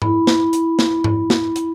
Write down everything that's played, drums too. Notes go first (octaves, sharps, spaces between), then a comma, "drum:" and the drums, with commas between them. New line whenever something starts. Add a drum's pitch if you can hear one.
E4 B5, drum: tom G#2
drum: snare
drum: hi-hat
drum: snare
drum: tom G#2
drum: snare
drum: hi-hat